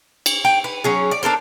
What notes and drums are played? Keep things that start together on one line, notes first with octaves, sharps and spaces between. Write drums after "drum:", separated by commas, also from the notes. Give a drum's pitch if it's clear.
drum: cymbal
G5
B4
F#3 C#4 G#4
D5
D4 A4 A#4 C5